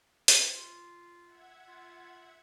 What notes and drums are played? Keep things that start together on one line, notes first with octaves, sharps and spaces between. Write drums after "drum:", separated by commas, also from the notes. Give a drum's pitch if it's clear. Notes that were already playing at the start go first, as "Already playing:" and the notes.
drum: hi-hat
F4
E5 F#5 G#6
F4